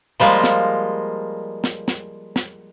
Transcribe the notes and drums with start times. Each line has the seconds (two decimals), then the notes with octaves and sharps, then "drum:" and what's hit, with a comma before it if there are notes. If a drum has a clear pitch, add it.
0.20 F3 G3 G#3 A#3
0.44 drum: snare
1.64 drum: snare
1.88 drum: snare
2.36 drum: snare